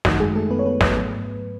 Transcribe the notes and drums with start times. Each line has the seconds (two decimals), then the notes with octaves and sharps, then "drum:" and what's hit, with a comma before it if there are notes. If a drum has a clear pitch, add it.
0.05 F#2 D#3 A3 D#4 F#4, drum: snare
0.20 G#3 G#4
0.35 A3 A4
0.51 B3 B4
0.59 C#5
0.66 B3 B4
0.81 B3 B4, drum: snare
0.95 G#2 F#3 A3